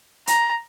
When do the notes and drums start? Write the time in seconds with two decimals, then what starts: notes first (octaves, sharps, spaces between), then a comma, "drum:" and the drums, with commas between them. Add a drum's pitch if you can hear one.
0.27 A#5, drum: hi-hat